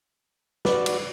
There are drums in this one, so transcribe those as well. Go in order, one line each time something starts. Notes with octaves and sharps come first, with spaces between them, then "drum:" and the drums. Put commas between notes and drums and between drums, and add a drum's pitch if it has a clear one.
F#4 B4 D5, drum: snare
drum: cymbal